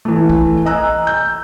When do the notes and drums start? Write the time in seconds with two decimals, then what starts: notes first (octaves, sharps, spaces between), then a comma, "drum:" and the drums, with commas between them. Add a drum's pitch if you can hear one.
0.05 E3 A3
0.30 drum: kick A#1
0.66 D#5 G#5 A#5 E6 F#6
1.07 G6